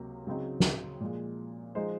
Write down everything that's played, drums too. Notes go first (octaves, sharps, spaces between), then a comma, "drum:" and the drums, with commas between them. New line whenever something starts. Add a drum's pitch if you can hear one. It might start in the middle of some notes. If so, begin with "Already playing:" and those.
Already playing: C#2 C3 F#3 A#3
C#3 F#3 C4 D#4 G#4
drum: snare
A#2 F3 G#3
F3 G#3 D#4 G#4 C5